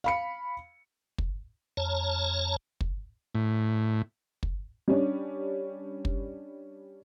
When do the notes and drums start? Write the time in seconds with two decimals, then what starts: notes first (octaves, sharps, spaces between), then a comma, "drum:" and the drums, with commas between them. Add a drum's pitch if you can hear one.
0.04 F5 B5 C#7
1.18 drum: kick
1.77 F2 C#5 A5 A#5
2.81 drum: kick
3.35 A2
4.43 drum: kick
4.88 G3 C#4 D4
6.05 drum: kick